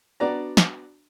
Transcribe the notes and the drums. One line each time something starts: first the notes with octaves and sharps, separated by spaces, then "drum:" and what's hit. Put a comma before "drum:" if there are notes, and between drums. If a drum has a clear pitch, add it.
B3 D4 F#4 D5 A#5
drum: snare